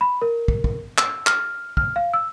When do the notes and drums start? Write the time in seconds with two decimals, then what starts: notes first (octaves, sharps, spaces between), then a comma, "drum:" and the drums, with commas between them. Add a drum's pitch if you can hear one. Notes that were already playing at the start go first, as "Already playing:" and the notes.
0.01 B5
0.22 A#4
0.48 drum: kick
0.64 drum: kick
0.98 E6, drum: clap
1.27 F6, drum: clap
1.77 F6, drum: kick
1.96 F5
2.14 E6